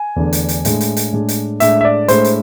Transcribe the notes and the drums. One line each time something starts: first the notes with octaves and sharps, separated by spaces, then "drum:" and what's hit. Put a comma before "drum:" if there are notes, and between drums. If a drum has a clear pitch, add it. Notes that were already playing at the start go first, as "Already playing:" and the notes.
Already playing: G#5
E2 D3 A3 D4
drum: hi-hat
drum: hi-hat
A2 G#3 D4, drum: hi-hat
drum: hi-hat
drum: hi-hat
A2 G#3 D4
drum: hi-hat
A2 G#3 D4 E5, drum: hi-hat
E5
D5
A2 G#3 D4 C5, drum: hi-hat
drum: hi-hat